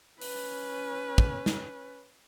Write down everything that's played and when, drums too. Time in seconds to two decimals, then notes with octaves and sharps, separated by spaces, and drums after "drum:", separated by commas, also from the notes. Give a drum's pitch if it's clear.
0.21 C#4 B4, drum: open hi-hat
1.18 drum: kick
1.46 drum: snare